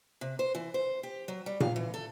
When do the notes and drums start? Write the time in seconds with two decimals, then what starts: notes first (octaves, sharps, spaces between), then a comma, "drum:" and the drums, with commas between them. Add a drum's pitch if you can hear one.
0.21 C3
0.39 C5
0.55 E3
0.74 C5
1.03 G4
1.28 F#3
1.46 G3
1.60 F5, drum: tom A#2
1.76 E3
1.94 A4